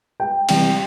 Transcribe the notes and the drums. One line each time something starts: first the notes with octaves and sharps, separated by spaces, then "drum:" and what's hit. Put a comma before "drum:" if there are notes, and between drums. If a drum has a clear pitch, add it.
G5
C3 E3 G3 G5, drum: cymbal